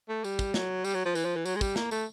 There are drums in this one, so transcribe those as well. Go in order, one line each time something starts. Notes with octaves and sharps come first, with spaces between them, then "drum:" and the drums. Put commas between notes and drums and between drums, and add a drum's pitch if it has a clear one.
A3
G3, drum: tambourine
drum: kick, tambourine
F#3, drum: snare
G3, drum: tambourine
F#3
F3
E3, drum: tambourine
F3
E3
F#3, drum: tambourine
G#3
G3, drum: kick, tambourine
A#3, drum: snare
A3, drum: tambourine